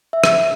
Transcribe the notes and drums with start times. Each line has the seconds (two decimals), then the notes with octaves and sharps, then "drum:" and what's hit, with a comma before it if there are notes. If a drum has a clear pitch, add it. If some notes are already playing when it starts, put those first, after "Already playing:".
0.13 E5
0.24 drum: rim click